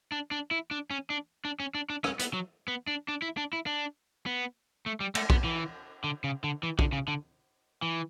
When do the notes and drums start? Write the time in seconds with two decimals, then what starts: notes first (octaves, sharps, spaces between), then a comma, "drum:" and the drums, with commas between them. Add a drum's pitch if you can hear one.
0.12 D4
0.31 D4
0.51 E4
0.71 D4
0.90 C#4
1.10 D4
1.45 D4
1.60 C#4
1.75 D4
1.90 D4
2.04 C#4, drum: rim click
2.19 B3, drum: hi-hat
2.34 F#3
2.68 B3
2.87 D4
3.08 D4
3.22 E4
3.37 D4
3.53 E4
3.66 D4
4.26 B3
4.86 A3
5.00 G3
5.15 A3, drum: cymbal
5.30 B3, drum: kick B1
5.44 E3
6.04 D3
6.24 C#3
6.44 D3
6.63 E3
6.79 D3, drum: kick B1
6.93 C#3
7.08 D3
7.82 E3